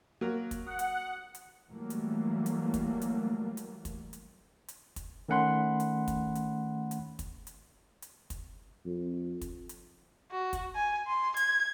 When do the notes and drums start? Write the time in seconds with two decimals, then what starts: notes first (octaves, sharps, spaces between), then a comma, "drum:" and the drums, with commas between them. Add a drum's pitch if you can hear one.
0.21 F#3 A#3 A#4
0.51 drum: kick, hi-hat
0.67 F#5 D#6
0.79 drum: hi-hat
1.35 drum: hi-hat
1.70 E3 F#3 G3 A3 A#3
1.90 drum: hi-hat
2.46 drum: hi-hat
2.74 drum: kick, hi-hat
3.02 drum: hi-hat
3.57 drum: hi-hat
3.85 drum: kick, hi-hat
4.13 drum: hi-hat
4.68 drum: hi-hat
4.96 drum: kick, hi-hat
5.29 D#3 A3 C#4 F#5 B5 C6
5.80 drum: hi-hat
6.08 drum: kick, hi-hat
6.35 drum: hi-hat
6.91 drum: hi-hat
7.19 drum: kick, hi-hat
7.47 drum: hi-hat
8.02 drum: hi-hat
8.30 drum: kick, hi-hat
8.86 F2
9.41 drum: kick, hi-hat
9.69 drum: hi-hat
10.31 F#4
10.53 drum: kick, hi-hat
10.75 G#5
11.07 C6
11.37 G#6, drum: hi-hat